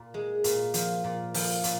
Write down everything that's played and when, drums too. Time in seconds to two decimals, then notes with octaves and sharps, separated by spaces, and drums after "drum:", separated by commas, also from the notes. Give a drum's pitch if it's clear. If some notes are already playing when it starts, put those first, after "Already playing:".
Already playing: A#2
0.14 G#3
0.44 A#2, drum: hi-hat
0.74 F3, drum: hi-hat
1.04 A#2
1.34 F3, drum: open hi-hat
1.64 A#2, drum: hi-hat